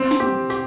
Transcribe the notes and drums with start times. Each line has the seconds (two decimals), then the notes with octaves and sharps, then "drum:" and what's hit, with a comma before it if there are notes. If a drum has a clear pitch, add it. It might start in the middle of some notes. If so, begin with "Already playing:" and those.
Already playing: C4
0.11 drum: snare
0.20 G4
0.50 G4, drum: hi-hat